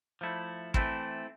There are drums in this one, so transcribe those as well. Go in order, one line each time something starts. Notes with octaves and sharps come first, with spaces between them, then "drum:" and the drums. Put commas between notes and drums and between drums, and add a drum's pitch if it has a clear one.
F3 A3 E4
E3 A3 C4 E4, drum: kick